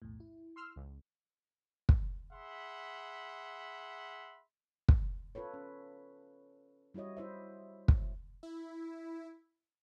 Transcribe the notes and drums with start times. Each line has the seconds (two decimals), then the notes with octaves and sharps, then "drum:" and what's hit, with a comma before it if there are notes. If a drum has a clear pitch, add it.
0.02 B1 E2 A2
0.20 E4
0.56 C6 E6 F6
0.76 C#2
1.89 drum: kick
2.31 G#4 E5 F#5 B5 C6
4.89 drum: kick
5.35 F4 A4 B4 C#5
5.54 C#4
6.94 G3 E4 F#4 C#5 D#5
7.17 E4 C5 E5
7.88 drum: kick
8.43 E4